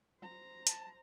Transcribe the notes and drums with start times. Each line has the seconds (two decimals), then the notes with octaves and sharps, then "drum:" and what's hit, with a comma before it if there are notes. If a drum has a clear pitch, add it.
0.20 C5 A#5
0.67 A5, drum: hi-hat